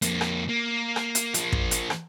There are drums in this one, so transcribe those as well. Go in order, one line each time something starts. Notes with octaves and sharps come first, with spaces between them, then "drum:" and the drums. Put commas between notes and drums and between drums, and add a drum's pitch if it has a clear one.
F2 A#3, drum: hi-hat
drum: rim click
A#3
drum: rim click
drum: hi-hat
F3 A#3, drum: hi-hat
drum: kick
drum: hi-hat
drum: rim click